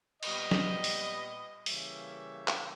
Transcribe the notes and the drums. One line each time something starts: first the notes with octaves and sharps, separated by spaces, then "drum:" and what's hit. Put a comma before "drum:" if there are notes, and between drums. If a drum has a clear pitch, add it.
A#2 G3 B3 B4 D#5, drum: cymbal
drum: snare
drum: open hi-hat
C#3 E3 G3 A#3 C#5 E5, drum: open hi-hat
drum: clap